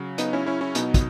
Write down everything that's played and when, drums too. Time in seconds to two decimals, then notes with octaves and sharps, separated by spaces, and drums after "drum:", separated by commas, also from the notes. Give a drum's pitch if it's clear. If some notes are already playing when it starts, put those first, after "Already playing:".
Already playing: C#3 F#3
0.18 B3 D#4, drum: hi-hat
0.33 C#4 E4
0.46 C#4 E4
0.61 C#4 E4
0.75 B2 F#3 B3 D#4, drum: hi-hat
0.94 drum: kick, hi-hat